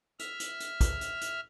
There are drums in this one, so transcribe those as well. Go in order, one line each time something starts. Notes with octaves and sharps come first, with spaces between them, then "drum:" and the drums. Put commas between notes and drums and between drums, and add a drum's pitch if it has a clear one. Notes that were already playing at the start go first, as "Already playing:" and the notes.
E5 F6, drum: hi-hat
drum: hi-hat
drum: hi-hat
drum: kick, hi-hat
drum: hi-hat
drum: hi-hat